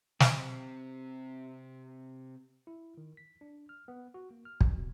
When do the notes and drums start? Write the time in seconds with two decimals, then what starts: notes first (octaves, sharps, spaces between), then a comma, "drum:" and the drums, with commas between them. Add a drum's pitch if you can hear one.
0.20 C3 C4, drum: snare
2.67 E4
2.97 D#3
3.17 B6
3.41 D4
3.69 F6
3.88 B3
4.14 F#4
4.31 A#3
4.45 F6
4.61 G1, drum: kick
4.73 B2